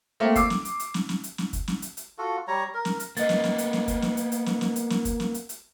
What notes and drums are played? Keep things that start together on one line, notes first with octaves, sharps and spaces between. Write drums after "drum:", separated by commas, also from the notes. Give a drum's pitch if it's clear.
A3 A#3 C4
D6 E6 C7, drum: kick, hi-hat
drum: snare
drum: hi-hat
drum: hi-hat
drum: snare
drum: snare
drum: hi-hat
drum: snare
drum: kick, hi-hat
drum: snare
drum: hi-hat
drum: hi-hat
F4 F#4 A4
G3 C#5 A#5
A#4
drum: snare
drum: hi-hat
A#3 B3 D#5 A6, drum: hi-hat
drum: snare
drum: snare
drum: hi-hat
drum: snare
drum: kick, hi-hat
drum: snare
drum: hi-hat
drum: hi-hat
drum: snare
drum: snare
drum: hi-hat
drum: snare
drum: kick, hi-hat
drum: snare
drum: hi-hat
drum: hi-hat